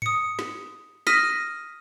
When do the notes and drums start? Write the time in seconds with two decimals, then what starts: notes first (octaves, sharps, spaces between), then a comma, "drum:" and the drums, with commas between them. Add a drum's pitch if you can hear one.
0.02 D#6 C#7, drum: tom G#2
0.39 drum: snare
1.07 D#6 F6 A#6 B6 D#7, drum: snare